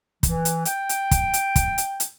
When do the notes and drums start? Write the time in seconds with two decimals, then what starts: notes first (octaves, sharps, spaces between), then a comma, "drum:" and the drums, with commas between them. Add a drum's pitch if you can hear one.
0.23 E3, drum: kick, hi-hat
0.45 drum: hi-hat
0.65 G5, drum: hi-hat
0.89 drum: hi-hat
1.11 drum: kick, hi-hat
1.33 drum: hi-hat
1.56 drum: kick, hi-hat
1.78 drum: hi-hat
2.00 drum: hi-hat